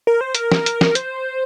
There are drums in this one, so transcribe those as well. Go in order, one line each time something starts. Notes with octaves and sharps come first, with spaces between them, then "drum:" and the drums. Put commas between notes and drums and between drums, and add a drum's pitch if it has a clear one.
A#4
C5
A#4, drum: hi-hat
drum: snare
drum: hi-hat
drum: snare
C5, drum: hi-hat